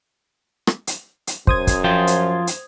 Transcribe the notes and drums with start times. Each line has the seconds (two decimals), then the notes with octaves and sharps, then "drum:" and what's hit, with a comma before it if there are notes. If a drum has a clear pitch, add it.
0.67 drum: rim click
0.87 drum: hi-hat
1.27 drum: hi-hat
1.47 F#2 C5 D#6 G#6, drum: kick
1.67 drum: kick, hi-hat
1.84 F3 F4 G5
2.07 drum: hi-hat
2.47 drum: hi-hat